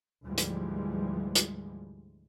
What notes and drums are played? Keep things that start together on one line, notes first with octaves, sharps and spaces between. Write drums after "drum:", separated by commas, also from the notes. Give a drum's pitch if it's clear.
D2 G#2 E3 F3 G3 G#3
drum: hi-hat
drum: hi-hat